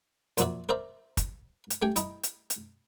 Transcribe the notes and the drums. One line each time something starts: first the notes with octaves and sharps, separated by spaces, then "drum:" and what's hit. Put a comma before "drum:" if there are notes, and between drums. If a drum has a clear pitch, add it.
F2 A#2 F#3 F#4 D5 E5, drum: hi-hat
A#4 C5 D5 E5 A#5
drum: kick, hi-hat
drum: hi-hat
A3 G4 G5 G#5
E4 D#5 A#5, drum: hi-hat
drum: hi-hat
drum: hi-hat